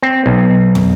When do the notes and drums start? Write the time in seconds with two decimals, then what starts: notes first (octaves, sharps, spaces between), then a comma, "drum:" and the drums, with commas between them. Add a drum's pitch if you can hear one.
0.03 C4
0.26 B1
0.75 drum: tom